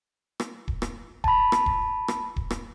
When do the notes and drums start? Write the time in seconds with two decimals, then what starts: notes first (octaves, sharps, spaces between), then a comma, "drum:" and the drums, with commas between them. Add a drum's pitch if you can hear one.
0.40 drum: rim click
0.68 drum: kick D#1
0.82 drum: rim click
1.24 A5 B5, drum: kick D#1
1.52 drum: rim click
1.66 drum: kick D#1
2.08 drum: rim click
2.36 drum: kick D#1
2.50 drum: rim click